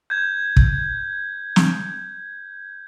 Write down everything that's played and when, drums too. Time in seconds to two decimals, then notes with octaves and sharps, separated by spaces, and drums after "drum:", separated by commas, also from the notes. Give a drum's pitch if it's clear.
0.10 G6 G#6
0.57 drum: kick
1.56 drum: snare